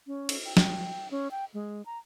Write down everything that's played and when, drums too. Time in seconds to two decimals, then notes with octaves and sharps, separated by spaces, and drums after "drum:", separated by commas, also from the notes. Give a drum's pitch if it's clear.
0.07 C#4
0.29 drum: cymbal
0.45 G5
0.57 G5, drum: snare
1.11 C#4
1.31 G5
1.54 G#3
1.86 A#5